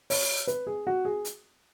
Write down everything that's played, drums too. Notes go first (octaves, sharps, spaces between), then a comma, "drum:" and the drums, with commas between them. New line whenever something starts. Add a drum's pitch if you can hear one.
C#5, drum: open hi-hat
B4, drum: hi-hat
G#4
F#4
G#4
drum: hi-hat